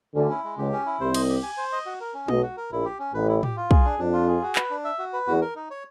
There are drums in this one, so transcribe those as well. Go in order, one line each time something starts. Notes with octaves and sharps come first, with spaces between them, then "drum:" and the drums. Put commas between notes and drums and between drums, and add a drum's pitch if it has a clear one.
D2 D3 C#4
E4
G#3
C#2 C#3 G4
C#4
E4
C2 C3 C5
D#5, drum: cymbal
G4
G#5
C5
D#5
F#4
A#4
C#4
B1 B2 D#5, drum: tom G#3
F#4
A#4
A#1 A#2 E4
G4
C#4
A1 A2 B4
E4
G4, drum: tom A2
F4
G#4, drum: kick
D4
F2 D4
F4
G#4
F#4
B4, drum: clap
D4
E5
F#4
B4
E2 F#4
A#4
D#4
C#5